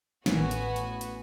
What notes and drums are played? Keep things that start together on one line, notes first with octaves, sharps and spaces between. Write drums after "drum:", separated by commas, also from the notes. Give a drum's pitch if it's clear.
A1 B3 F#4 G#5, drum: snare
drum: hi-hat
drum: hi-hat
drum: hi-hat